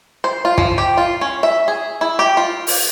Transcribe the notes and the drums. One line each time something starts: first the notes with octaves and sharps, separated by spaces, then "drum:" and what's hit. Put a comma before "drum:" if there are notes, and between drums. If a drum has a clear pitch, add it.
C5
F4
F3, drum: kick
G4
F4
C#4
E5
G#4
E4
G4
F4
drum: open hi-hat